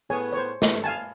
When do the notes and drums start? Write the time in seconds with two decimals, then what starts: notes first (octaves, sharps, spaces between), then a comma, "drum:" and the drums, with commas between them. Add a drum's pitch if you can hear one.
0.10 A2 B3 G#4 C#5 G#5
0.33 C5 C#5
0.62 G2 A3, drum: snare
0.84 F5 G#5 A5